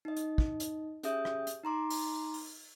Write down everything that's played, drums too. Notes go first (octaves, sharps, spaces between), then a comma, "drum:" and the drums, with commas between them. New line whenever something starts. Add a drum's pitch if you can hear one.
D#4 D#5
drum: hi-hat
drum: kick
drum: hi-hat
C#4 G4 G#4 E5 D#6 G6, drum: hi-hat
drum: rim click
drum: hi-hat
D#4 A#5 C6 D6
drum: open hi-hat
drum: open hi-hat